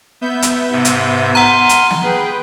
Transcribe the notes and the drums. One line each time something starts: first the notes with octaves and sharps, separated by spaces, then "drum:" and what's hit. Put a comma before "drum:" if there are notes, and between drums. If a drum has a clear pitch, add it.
B3 E5 G6
drum: hi-hat
G#2 C3
drum: hi-hat
F#5 G#5 A#5 C6 F6
drum: hi-hat
drum: snare
G#4 B4 G5